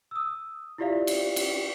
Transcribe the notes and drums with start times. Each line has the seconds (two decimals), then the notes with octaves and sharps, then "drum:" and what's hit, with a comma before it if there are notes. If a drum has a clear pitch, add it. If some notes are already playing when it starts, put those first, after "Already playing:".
0.11 D#6 E6
0.78 E4 F4 G4 D5 E5 F5
1.07 drum: cymbal
1.36 drum: cymbal